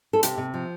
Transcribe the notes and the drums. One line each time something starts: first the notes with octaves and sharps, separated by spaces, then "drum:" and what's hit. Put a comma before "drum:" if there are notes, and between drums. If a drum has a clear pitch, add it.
A4
C3 G4, drum: hi-hat
C3
F3